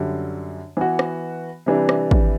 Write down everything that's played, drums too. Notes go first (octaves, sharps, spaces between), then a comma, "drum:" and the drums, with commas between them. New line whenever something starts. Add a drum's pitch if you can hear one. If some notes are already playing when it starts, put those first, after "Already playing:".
Already playing: F#2 D3 G3
E3 B3 F#4
drum: rim click
C3 E3 G3 D4
drum: rim click
drum: kick G#1